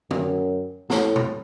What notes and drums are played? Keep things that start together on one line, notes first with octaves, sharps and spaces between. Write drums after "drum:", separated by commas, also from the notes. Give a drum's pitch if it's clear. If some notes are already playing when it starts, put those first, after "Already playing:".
F#2, drum: tom D3
A2, drum: snare
drum: tom A#2